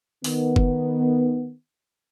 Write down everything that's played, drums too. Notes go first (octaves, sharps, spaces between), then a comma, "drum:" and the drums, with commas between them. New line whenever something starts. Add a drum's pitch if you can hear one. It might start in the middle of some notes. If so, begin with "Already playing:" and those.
D#3 B3, drum: open hi-hat
drum: kick F#1